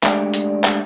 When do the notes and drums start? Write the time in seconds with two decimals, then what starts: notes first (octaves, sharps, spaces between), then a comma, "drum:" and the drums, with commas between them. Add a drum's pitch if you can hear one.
0.03 G#3 A3 D4 G4 D5, drum: clap
0.34 drum: hi-hat
0.64 drum: clap